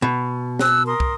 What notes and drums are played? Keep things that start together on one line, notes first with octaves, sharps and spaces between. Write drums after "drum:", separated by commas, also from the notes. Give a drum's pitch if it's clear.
B2
E6 F#6, drum: snare
A#4 C6 D#6
drum: kick